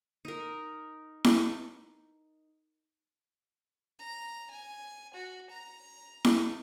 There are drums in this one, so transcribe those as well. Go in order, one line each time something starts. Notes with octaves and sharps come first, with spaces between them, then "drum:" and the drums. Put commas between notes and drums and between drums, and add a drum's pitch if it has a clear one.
D#4 A#4
drum: snare E4
A#5
G#5
F#4
A#5
drum: snare E4